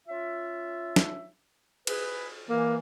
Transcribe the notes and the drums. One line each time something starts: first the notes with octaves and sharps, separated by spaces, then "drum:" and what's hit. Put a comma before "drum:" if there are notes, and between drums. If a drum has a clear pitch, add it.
C#4 F4 E5
drum: snare
G#4 B4, drum: cymbal
E3 A#3